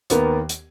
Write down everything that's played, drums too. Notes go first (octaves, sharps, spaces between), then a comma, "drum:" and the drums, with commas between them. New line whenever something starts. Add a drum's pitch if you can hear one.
D#2 D#3 A#3 B3, drum: hi-hat
drum: hi-hat